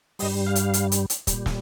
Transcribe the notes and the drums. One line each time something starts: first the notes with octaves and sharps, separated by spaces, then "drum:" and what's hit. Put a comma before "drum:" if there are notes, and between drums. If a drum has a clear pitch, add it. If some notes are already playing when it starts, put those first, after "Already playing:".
G2 G3 D#5, drum: open hi-hat
F5
drum: hi-hat
drum: hi-hat
drum: hi-hat
drum: hi-hat
G3, drum: kick, hi-hat
A#2
drum: snare